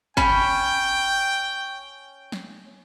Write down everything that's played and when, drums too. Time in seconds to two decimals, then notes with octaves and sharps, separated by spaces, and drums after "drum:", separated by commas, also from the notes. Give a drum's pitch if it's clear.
0.17 C#4 G5 B5, drum: kick
2.32 drum: snare